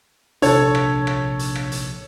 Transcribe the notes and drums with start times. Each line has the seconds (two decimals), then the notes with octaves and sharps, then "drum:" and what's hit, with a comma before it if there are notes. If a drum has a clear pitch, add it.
0.42 A#1 C3 D4 A4 C#5, drum: hi-hat
0.75 drum: rim click
1.07 drum: rim click
1.39 drum: hi-hat
1.55 drum: rim click
1.72 drum: hi-hat